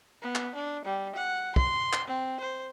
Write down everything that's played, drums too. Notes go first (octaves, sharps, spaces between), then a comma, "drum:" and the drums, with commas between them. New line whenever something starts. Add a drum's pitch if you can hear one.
B3
drum: clap
D4
G3
F#5
C6, drum: kick
drum: clap
C4
C5